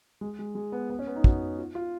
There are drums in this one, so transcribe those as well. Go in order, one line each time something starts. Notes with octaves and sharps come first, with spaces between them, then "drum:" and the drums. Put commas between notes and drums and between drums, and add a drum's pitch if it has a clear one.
G#3
G#3
G#3
B3
B3
C#4
B3
D#4
F#4, drum: kick
F4
F4